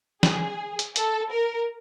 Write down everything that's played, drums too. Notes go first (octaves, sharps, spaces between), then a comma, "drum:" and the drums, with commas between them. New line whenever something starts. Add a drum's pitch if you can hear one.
G#4, drum: snare
drum: hi-hat
A4, drum: hi-hat
A#4